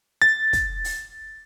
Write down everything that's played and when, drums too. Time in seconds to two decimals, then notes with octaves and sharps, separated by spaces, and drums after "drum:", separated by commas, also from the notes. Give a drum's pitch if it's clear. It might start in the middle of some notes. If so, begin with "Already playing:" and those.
0.22 A6
0.53 drum: kick, hi-hat
0.84 drum: open hi-hat